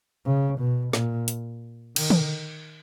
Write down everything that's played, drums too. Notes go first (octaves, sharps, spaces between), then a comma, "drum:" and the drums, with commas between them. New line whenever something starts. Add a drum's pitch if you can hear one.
C#3
B2
A#2, drum: snare
drum: hi-hat
D#3, drum: cymbal
drum: tom